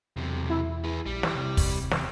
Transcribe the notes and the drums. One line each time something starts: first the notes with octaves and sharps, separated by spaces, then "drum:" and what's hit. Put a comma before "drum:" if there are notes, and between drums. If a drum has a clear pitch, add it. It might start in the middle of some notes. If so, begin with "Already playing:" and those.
B1 E2 C3
E4
G#4 B4
A#1 G3
drum: snare
C3
drum: kick, open hi-hat
drum: snare